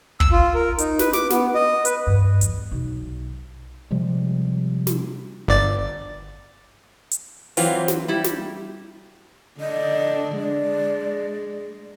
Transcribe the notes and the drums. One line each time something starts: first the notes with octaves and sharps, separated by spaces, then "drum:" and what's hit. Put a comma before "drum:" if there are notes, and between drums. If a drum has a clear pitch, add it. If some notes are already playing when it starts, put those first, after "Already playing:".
E6, drum: kick
F4
A#4
D#4, drum: hi-hat
B4, drum: snare
D6, drum: snare
B3, drum: snare
D#5
B4, drum: hi-hat
G2
E2, drum: hi-hat
B1
C3 F3 G3 G#3
drum: snare
G1 D5 A6
drum: hi-hat
E3 F#3 C4 F4, drum: open hi-hat
drum: snare
G3 E4 G4
drum: snare
D3 D4 D#5
G#3 D5